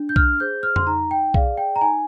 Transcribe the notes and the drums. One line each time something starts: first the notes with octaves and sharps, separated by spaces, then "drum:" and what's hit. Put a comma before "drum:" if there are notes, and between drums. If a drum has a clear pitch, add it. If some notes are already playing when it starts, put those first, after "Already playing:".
Already playing: D4
G6
F6, drum: kick B1
G#4 C5 G6
F6
C6, drum: tom F2
D#4 A#5
G5
G#4 D5 F5, drum: kick B1
G5
A#5
D#4 G#5